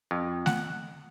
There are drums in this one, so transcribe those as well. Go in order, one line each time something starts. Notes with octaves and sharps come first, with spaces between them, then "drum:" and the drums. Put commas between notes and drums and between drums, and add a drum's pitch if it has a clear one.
F2
F#5, drum: snare A3